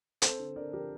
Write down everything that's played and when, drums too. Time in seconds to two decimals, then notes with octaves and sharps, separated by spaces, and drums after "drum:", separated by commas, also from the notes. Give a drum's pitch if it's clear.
0.22 C4 A4 C5, drum: hi-hat
0.39 D3
0.56 D3 A#4 D5
0.73 F3 G4 A#4